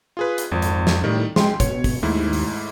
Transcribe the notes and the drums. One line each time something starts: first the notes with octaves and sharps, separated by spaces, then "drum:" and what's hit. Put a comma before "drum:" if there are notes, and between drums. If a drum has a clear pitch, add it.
F4 G#4 B4
drum: hi-hat
G#1 F2
drum: hi-hat
drum: snare
A2 D#3 G3
G#3 G5 C6, drum: snare
B2 C#5, drum: kick, hi-hat
drum: kick, open hi-hat
D#2 G#2 A3 E4
drum: open hi-hat